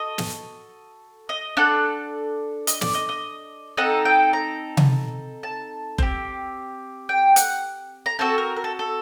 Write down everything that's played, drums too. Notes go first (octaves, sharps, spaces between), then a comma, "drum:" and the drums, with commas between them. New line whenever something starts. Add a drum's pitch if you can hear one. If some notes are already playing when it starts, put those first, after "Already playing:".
Already playing: F#4 A4 D#5
drum: snare
D#5
D4 A4 F#5
D#5, drum: hi-hat
D5, drum: snare
D#5
D#5
C4 D#4 A4 F#5
G5
A#5
drum: tom C3
A5
C4 G4, drum: kick F#1
G5
F#5, drum: hi-hat
A#5
C4 F#4 A4 A5
A#4
A#4
A4
A4